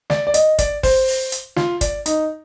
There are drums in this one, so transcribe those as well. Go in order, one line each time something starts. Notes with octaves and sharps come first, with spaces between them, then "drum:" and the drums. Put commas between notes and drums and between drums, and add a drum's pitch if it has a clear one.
D5, drum: snare
D5
D#5, drum: hi-hat
D5, drum: kick, hi-hat
C5, drum: kick, open hi-hat
drum: open hi-hat
drum: hi-hat
F4, drum: snare
D5, drum: kick, hi-hat
D#4, drum: hi-hat